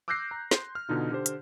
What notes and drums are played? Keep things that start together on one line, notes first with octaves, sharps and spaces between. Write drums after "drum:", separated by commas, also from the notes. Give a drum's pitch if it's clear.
D6 E6 F#6 G6 A#6 C7
A#5
C6, drum: snare
F6
B2 D3 D#4 F4
D3 G4 C5
drum: hi-hat